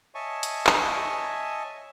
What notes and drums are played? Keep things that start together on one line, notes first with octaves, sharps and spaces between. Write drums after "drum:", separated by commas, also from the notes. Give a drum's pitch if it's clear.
C#5 D#5 E5 G#5 A5 C#6
drum: hi-hat
drum: clap